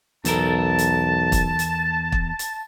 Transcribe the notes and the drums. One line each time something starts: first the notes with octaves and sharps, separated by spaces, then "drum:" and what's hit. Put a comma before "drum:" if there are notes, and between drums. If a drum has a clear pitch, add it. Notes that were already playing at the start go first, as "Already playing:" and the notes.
B1 E2 A4 A#4 A5, drum: hi-hat
drum: hi-hat
drum: kick, hi-hat
drum: hi-hat
drum: kick
drum: hi-hat